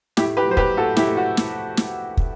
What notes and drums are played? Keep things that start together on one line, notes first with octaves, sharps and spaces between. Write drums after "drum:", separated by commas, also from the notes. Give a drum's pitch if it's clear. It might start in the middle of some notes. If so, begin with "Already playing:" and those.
A2 E4 G4, drum: snare
G4 B4
F#3 C5
G4 B4, drum: kick
A2 F#4 A4
E4 G4, drum: snare
A3
F#4
drum: snare
drum: snare
drum: kick